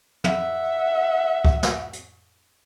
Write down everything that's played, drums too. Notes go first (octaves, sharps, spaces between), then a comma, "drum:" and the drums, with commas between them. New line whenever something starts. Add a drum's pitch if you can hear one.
E5 F#5, drum: tom
drum: kick C#2
drum: snare
drum: hi-hat